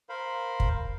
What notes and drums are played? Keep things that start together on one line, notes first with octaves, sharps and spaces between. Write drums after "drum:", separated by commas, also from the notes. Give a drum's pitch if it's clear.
A#4 C5 F5 B5
drum: kick